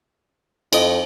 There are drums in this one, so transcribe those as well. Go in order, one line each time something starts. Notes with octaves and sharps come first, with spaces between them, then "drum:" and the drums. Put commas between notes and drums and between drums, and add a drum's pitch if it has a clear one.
F2 E4 D#5, drum: cymbal